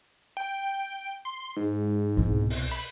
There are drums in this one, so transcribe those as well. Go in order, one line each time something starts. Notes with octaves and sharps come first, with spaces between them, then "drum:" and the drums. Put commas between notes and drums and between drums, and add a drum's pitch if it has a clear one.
G5
C6
G#2
C2 B2
drum: open hi-hat
B5